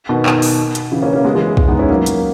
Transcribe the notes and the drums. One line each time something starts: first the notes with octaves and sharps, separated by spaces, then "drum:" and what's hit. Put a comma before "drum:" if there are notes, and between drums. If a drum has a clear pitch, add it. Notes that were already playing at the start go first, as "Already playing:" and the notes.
B2 D#3
drum: clap
drum: open hi-hat
drum: hi-hat
C#3 E3
A#3 C#4
A#3 C#4
G#3 B3
E3 G#3
drum: kick
B3 D#4
C#4 E4
F#3 A#3
drum: hi-hat